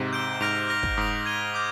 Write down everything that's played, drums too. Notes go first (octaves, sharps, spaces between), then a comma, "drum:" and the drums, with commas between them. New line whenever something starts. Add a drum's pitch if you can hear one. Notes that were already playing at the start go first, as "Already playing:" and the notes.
Already playing: G#2 C3
G6 D7 G7
G#2 F6 A#6 D7 F7
F6 A#6 F7
drum: kick
G#2 D#6 A#6 F7
G#6 D#7 G7
D6 G6